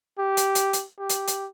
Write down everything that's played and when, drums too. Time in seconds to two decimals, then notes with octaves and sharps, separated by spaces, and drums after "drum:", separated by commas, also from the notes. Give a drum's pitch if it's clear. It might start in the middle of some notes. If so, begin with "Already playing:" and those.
0.19 G4
0.37 drum: hi-hat
0.55 drum: hi-hat
0.73 drum: hi-hat
0.99 G4
1.09 drum: hi-hat
1.27 drum: hi-hat